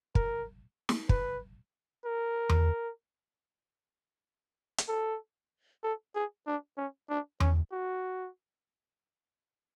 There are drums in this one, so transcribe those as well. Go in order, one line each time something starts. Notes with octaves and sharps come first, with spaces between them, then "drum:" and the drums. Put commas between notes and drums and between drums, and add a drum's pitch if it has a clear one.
A#4, drum: kick
drum: snare
B4, drum: kick
A#4
drum: tom E2
drum: hi-hat
A4
A4
G#4
D4
C#4
D4
C#4, drum: tom E2
F#4